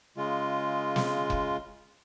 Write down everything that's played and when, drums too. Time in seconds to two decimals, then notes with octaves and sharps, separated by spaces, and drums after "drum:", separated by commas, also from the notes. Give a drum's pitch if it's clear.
0.17 C#3 G#3 F4
0.96 drum: snare
1.30 drum: kick F1